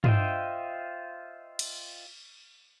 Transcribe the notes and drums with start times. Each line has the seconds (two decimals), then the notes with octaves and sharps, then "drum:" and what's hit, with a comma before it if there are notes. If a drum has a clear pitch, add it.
0.04 F4 C5 D#5 E5 G5, drum: tom
1.59 drum: cymbal